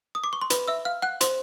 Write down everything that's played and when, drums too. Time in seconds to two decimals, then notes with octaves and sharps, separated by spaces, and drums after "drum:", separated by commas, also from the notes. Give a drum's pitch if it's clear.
0.15 D#6
0.24 D6
0.33 C#6
0.41 C6
0.50 B4 B5, drum: hi-hat
0.68 E5 E6
0.85 F5 F6
1.02 F#5 F#6
1.21 C5 C6, drum: hi-hat